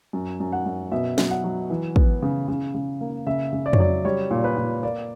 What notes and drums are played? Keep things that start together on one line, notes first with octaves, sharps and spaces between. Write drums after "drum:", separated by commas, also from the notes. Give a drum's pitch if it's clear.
F#2
F#2
F#5
F#2
B2 E5
F#3, drum: snare
F#5
F#3
E3
B3, drum: kick
C#3
C#3
C#3
A#3
C#3 E5
C#3
D5
C#5, drum: tom F2
F#3 D5
G3 C#5
A#2
B4
A#2
A#3 D5